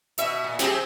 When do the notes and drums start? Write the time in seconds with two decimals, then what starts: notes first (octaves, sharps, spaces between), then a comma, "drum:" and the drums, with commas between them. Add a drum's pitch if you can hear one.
0.18 B2 E5, drum: hi-hat
0.44 A#2
0.59 C4 G4 G#4, drum: snare